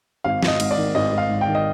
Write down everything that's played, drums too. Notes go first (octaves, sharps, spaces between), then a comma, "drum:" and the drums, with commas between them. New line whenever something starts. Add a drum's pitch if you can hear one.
G#1 F5
G#1, drum: snare
D#5
G#2, drum: cymbal
D5
D#3
G#1 D#5
G#1
F5
G#2
G5
D#3
D#5